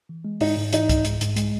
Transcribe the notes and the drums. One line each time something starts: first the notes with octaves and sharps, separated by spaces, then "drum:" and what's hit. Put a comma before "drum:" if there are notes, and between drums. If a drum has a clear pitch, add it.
E3
G#3
G#2 D#4, drum: open hi-hat
G#2
E3 D#4, drum: hi-hat
G#2, drum: kick C2, hi-hat
G#2, drum: hi-hat
G#2, drum: hi-hat
G#3, drum: hi-hat